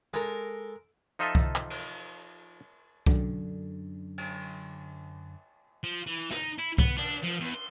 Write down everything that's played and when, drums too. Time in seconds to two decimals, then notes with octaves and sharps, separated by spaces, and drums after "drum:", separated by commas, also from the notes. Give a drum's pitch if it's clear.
0.14 G#3 A4 A#4
1.19 F3 D#4 F4 A4 D#5 E5
1.35 drum: kick C2
1.55 drum: clap
1.70 drum: cymbal
3.07 F#2 D3, drum: kick C2
4.18 drum: cymbal
5.84 F3
6.06 E3, drum: hi-hat
6.31 D#4, drum: snare
6.59 E4
6.78 B3, drum: kick C2
6.98 D4, drum: cymbal
7.24 F3, drum: hi-hat
7.40 E2
7.54 C6